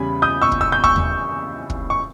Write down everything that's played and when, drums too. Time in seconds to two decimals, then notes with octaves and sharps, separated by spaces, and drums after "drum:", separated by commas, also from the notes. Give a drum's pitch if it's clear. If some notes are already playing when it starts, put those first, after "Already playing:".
Already playing: E2 C#3 G3 G#5 B5
0.22 D#6 G6
0.42 C#6 E6
0.52 drum: kick
0.61 E6
0.72 G6
0.84 C#6 E6, drum: kick
0.96 drum: tom D#2
1.70 drum: kick
1.90 C#6